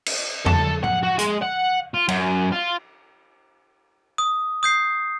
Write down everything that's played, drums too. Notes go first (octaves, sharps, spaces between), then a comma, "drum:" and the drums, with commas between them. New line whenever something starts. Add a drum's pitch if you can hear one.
drum: cymbal
A4, drum: tom E2
F#5, drum: tom
F#4
G#3, drum: hi-hat
F#5
F4
F#2, drum: cymbal
F4
D#6
D#6 G6 C7